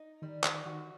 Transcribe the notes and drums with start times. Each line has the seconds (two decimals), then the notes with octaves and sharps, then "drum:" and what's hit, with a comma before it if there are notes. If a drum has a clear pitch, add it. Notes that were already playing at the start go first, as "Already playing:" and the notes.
Already playing: D#4
0.22 D#3 G3
0.44 D#3, drum: clap
0.66 D#3 F#4